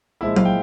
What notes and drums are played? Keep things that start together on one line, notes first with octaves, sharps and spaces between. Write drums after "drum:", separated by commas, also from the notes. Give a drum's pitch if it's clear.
A#2 F3 G#3 E4 E5
F5, drum: tom F#3
G5